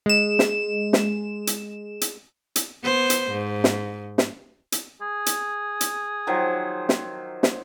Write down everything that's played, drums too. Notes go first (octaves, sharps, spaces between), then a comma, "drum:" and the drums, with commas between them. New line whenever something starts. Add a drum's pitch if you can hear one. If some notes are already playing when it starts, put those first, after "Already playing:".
G#3 E7
drum: snare
drum: snare
drum: hi-hat
drum: hi-hat
drum: hi-hat
B3 C5
drum: hi-hat
G#2
drum: snare
drum: snare
drum: hi-hat
G#4
drum: hi-hat
drum: hi-hat
D#3 F3 F#3
drum: snare
drum: snare